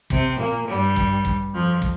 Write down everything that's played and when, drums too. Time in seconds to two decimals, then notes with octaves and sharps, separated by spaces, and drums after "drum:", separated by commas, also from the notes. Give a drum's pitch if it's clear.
0.10 C3 C4, drum: kick
0.39 A#2 A#3
0.68 G2 G3
0.96 drum: kick
1.25 drum: kick
1.54 F2 F3
1.82 drum: kick